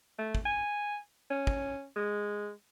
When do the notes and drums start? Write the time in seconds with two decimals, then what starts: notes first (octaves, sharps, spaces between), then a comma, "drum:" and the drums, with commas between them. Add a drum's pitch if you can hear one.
0.19 A3
0.35 drum: kick
0.46 G#5
1.31 C#4
1.47 drum: kick
1.96 G#3